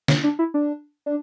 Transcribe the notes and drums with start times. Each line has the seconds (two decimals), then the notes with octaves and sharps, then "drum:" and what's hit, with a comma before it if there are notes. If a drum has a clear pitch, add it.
0.08 C#4, drum: snare
0.24 D4
0.39 E4
0.54 D4
1.06 D4